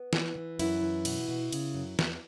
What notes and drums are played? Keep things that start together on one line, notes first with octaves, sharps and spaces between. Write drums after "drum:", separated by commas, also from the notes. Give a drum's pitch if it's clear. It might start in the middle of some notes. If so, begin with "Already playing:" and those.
Already playing: B3
E3, drum: snare
E3
F#2 E4, drum: cymbal
E3
B2, drum: cymbal
B2
C#3, drum: cymbal
F#2
E2, drum: snare